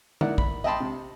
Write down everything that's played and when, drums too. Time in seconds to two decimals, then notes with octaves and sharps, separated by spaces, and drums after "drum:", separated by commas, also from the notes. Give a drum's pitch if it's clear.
0.21 D#4 E4 A#4 D5 F#5, drum: tom D3
0.38 B5, drum: kick
0.64 D#5 E5 G5 A5 B5 C6
0.80 C3